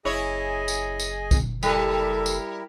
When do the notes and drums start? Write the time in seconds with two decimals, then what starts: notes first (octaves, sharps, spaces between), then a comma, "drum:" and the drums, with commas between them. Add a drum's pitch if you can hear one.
0.05 F#1 E4 G#4 C#5 D#5 G#5
0.68 drum: tambourine
1.00 drum: tambourine
1.31 drum: kick, tambourine
1.63 G3 E4 A4 A#4, drum: tambourine
2.26 drum: tambourine